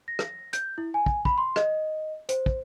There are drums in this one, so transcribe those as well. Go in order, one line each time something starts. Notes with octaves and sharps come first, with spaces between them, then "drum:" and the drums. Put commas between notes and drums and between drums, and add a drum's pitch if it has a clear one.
A#6
drum: rim click
G6, drum: hi-hat
E4
G#5
drum: kick
B5, drum: kick
C6
D#5, drum: rim click
C5, drum: hi-hat
drum: kick